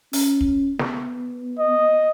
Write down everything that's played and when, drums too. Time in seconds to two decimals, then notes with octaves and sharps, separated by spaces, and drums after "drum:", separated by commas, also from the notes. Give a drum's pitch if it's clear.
0.13 C#4, drum: open hi-hat
0.41 drum: kick
0.79 B3, drum: snare
1.59 D#5